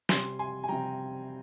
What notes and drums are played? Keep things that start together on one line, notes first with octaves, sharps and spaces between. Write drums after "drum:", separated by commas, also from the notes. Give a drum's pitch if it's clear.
C3 G3 G#5 C6, drum: snare
G#5 C6
G#5
C3 G3 G5 A#5